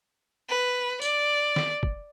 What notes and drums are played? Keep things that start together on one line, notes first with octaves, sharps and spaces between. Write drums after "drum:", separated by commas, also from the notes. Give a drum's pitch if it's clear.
B4
D5, drum: tambourine
drum: snare
drum: kick